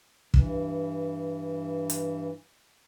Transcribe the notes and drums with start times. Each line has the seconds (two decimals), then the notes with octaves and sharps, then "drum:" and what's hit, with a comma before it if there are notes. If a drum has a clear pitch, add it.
0.34 G2 E3, drum: kick
1.90 drum: hi-hat